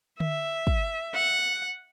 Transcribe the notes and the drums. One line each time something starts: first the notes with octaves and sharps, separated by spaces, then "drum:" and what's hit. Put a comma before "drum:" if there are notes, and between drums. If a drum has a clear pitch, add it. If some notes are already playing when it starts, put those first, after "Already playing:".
E5, drum: tom D3
drum: kick
F#5